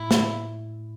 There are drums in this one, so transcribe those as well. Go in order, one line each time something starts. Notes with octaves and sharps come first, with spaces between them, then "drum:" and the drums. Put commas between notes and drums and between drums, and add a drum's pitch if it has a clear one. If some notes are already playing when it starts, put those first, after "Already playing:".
Already playing: A2 E4
drum: snare